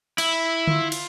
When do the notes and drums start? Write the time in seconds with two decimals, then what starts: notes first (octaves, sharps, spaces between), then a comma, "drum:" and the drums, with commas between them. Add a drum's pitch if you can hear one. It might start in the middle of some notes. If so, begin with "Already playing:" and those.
0.18 E4, drum: cymbal
0.67 F4, drum: tom D3
0.92 drum: cymbal